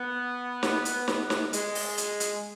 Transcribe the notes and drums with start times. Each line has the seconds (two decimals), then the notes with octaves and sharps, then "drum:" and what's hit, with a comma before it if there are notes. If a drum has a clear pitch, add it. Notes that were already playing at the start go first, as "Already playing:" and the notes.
Already playing: B3
0.63 drum: snare
0.85 drum: hi-hat
1.08 drum: snare
1.30 drum: snare
1.53 G#3, drum: hi-hat
1.75 drum: open hi-hat
1.98 drum: hi-hat
2.20 drum: hi-hat